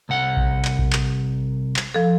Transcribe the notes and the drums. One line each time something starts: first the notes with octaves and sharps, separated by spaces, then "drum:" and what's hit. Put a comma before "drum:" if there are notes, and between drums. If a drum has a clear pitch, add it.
C2 F#5
drum: kick A#1
drum: clap
drum: kick A#1
drum: clap
drum: clap
F3 A4